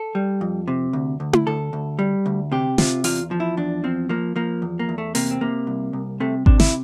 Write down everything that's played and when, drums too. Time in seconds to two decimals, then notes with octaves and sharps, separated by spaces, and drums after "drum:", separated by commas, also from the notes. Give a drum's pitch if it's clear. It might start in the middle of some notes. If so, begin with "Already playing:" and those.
Already playing: A4
0.15 G3
0.41 F2
0.68 C3
0.93 D2
1.20 D2
1.33 drum: tom E4
1.47 D2 A4
1.73 D2
1.99 G3
2.26 D2
2.52 C3 G4
2.78 C3 F4, drum: snare
3.04 E2 F4, drum: open hi-hat
3.31 F3
3.40 E4
3.57 E2 D4
3.84 F3 C4
4.09 F3 A#3
4.36 F3 A#3
4.62 E2
4.79 A#3
4.89 E2
4.98 A3
5.15 C3 A#3, drum: open hi-hat
5.31 C4
5.41 C3 A#3
5.67 C2
5.93 C2
6.20 C3 A3
6.46 C3 D4, drum: kick G#1
6.60 E4, drum: snare